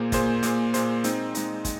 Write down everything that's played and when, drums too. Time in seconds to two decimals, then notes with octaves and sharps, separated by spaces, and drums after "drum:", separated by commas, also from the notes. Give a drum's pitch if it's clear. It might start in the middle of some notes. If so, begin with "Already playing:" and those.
Already playing: A#2 A#3 G#4 C5
0.12 A#2 A#3 G#4 C5, drum: kick, hi-hat
0.43 A#2 A#3 G#4 C5, drum: hi-hat
0.74 A#2 A#3 G#4 C5, drum: hi-hat
1.04 G#3 C4 D#4, drum: hi-hat
1.35 G#3 C4 D#4, drum: hi-hat
1.65 G#3, drum: kick, hi-hat